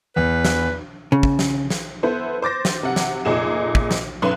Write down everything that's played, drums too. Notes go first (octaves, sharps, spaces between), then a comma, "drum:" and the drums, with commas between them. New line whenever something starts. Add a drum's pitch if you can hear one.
E2 B4
drum: snare
C#3
drum: kick
drum: snare
drum: snare
B3 E4 A4 C5
C5 D6 A6 A#6
drum: snare
C3 F#5
drum: snare
F1 A#2 D#4 G#4 E7
drum: kick
drum: snare
B1 F#2 B4 C6 F#6